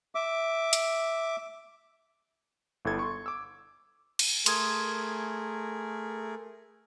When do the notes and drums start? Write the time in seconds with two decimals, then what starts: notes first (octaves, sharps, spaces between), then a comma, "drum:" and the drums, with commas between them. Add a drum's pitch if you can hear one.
0.15 E5 D6
0.73 drum: hi-hat
2.85 G1 E4 A4 G#6
2.99 C6 C#6
3.26 D6 E6
4.19 drum: cymbal
4.46 A3 G#4 A#4 C6 D#6 G#6, drum: hi-hat